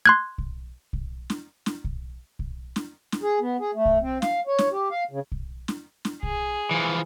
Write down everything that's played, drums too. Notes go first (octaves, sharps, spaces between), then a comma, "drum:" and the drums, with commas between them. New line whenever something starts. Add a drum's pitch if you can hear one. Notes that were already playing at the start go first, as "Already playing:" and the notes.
C6 F#6 G#6
drum: kick B1
drum: kick B1
drum: snare
drum: snare
drum: kick B1
drum: kick B1
drum: snare
drum: snare
G#4
B3
G#4
A3
drum: kick B1
C4
F5, drum: snare
C#5
drum: snare
G4
F5
C#3
drum: kick B1
drum: snare
drum: snare
G#4, drum: kick B1
E3 F3